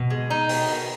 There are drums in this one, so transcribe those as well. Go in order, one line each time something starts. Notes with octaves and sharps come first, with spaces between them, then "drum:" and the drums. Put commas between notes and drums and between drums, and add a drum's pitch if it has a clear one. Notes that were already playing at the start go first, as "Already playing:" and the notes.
Already playing: B2
G#3
D#4
B2, drum: open hi-hat
D#3